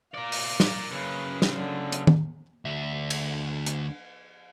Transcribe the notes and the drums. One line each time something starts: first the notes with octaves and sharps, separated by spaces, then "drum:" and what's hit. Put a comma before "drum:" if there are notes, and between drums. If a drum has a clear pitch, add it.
A#4 D5 F5
drum: open hi-hat
drum: snare
F#2 C#3 B4
drum: snare
D3
drum: hi-hat
drum: tom D#3
D2 E5
drum: cymbal
drum: hi-hat